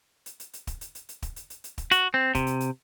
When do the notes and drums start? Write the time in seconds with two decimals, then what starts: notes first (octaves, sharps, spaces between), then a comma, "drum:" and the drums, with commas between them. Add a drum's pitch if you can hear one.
0.26 drum: hi-hat
0.40 drum: hi-hat
0.53 drum: hi-hat
0.67 drum: kick, hi-hat
0.81 drum: hi-hat
0.95 drum: hi-hat
1.09 drum: hi-hat
1.22 drum: kick, hi-hat
1.36 drum: hi-hat
1.50 drum: hi-hat
1.64 drum: hi-hat
1.78 drum: kick, hi-hat
1.91 F#4, drum: hi-hat
2.14 C4
2.35 C3, drum: kick, hi-hat
2.47 drum: hi-hat
2.60 drum: hi-hat